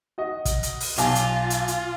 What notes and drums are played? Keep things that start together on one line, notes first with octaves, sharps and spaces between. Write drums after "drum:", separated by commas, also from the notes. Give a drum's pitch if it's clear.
F#4 D#5
drum: kick, hi-hat
drum: hi-hat
drum: open hi-hat
B1 F4 G#5 A5 D6, drum: hi-hat
drum: hi-hat
drum: hi-hat
drum: hi-hat